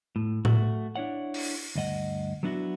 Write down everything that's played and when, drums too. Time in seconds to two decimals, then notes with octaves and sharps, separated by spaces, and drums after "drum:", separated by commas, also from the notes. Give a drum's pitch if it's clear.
0.16 A2
0.45 A3 F#4, drum: tom A2
0.96 D4 E4 C#5 F#5
1.34 drum: open hi-hat
1.76 D2 G2 D#5 F#5
2.43 F#3 B3 D4 E4 F#4